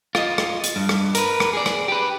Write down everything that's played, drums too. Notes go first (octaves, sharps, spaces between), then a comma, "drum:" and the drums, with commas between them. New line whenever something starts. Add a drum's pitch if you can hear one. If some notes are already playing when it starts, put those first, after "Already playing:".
F4 D#5, drum: rim click
drum: rim click
drum: hi-hat
G2
drum: rim click
A#4 B4, drum: hi-hat
drum: rim click
G#4 D5
drum: rim click
G4 B4